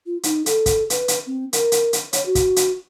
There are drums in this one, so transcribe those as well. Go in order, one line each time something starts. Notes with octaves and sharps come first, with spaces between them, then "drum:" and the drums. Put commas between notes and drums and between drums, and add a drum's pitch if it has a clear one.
F4
D#4, drum: hi-hat
A4, drum: hi-hat
drum: kick, hi-hat
B4, drum: hi-hat
drum: hi-hat
C4
A#4, drum: hi-hat
drum: hi-hat
drum: hi-hat
C#5, drum: hi-hat
F#4
drum: kick, hi-hat
drum: hi-hat